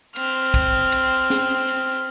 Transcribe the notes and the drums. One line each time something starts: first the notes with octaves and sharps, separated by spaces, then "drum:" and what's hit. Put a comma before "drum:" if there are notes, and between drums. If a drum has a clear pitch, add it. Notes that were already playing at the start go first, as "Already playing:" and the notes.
C4 F6, drum: cymbal
drum: kick, cymbal
drum: cymbal
drum: snare
drum: cymbal